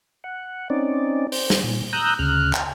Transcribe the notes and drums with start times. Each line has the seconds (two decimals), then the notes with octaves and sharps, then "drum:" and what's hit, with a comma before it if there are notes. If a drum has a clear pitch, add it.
0.24 F#5
0.70 C4 C#4 D#4 D5
1.32 C5, drum: open hi-hat
1.50 drum: snare
1.64 A#2
1.93 A#5 D#6 E6 F#6 G6
2.19 D2 C#3 F6 F#6
2.53 drum: clap